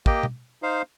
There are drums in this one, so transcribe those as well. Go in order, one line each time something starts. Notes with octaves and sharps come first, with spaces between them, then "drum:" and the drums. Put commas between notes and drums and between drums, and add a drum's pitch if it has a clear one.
A#3 G4 D#5 G5, drum: kick
drum: tom B2
D#4 C5 F5